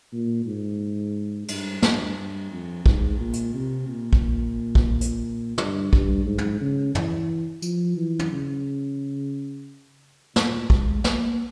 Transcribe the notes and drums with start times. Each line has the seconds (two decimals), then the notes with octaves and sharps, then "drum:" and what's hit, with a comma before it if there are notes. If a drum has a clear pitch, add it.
0.13 A#2
0.46 G#2
1.48 G2, drum: cymbal
1.82 G2, drum: snare
2.17 G2
2.51 F2
2.86 G#2, drum: kick
3.20 A#2
3.33 drum: hi-hat
3.54 C3
3.88 A#2
4.13 drum: kick
4.75 drum: kick
5.01 drum: hi-hat
5.58 G2, drum: tom
5.93 G2, drum: kick
6.26 G#2
6.38 drum: tom
6.61 C#3
6.95 E3, drum: tom
7.62 F3, drum: tambourine
7.97 E3
8.19 drum: tom
8.31 C#3
10.36 A#2, drum: snare
10.70 G#3, drum: kick
11.04 A#3, drum: snare